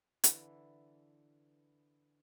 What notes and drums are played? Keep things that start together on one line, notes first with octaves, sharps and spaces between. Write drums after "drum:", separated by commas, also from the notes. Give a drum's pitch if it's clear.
D3 E3, drum: hi-hat